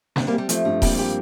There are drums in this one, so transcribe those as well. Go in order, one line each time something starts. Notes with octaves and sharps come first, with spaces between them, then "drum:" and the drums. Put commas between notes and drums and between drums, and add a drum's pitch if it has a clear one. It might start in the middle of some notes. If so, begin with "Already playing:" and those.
A#3 C4 D4, drum: snare
G3 A#3
G4
G3
F3 A3, drum: hi-hat
G2 A3
G3 A#3 C4, drum: kick D#1, open hi-hat
G4